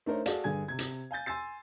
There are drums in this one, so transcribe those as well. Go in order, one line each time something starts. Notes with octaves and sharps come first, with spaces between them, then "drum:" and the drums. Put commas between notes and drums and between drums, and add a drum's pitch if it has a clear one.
A3 D4 D#4 A#4 C5 C#5
F#4 G#4 A4 D5 F5, drum: hi-hat
G2 D3 G#4 G#5 G#6
C3 G#6
drum: hi-hat
F5 G#5 G6 A6
G#5 C6 E6 A6 C7